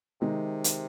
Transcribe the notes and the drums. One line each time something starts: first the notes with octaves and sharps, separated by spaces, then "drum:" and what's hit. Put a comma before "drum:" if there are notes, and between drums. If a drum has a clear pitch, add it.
C3 D#3 G#3 D#4
drum: hi-hat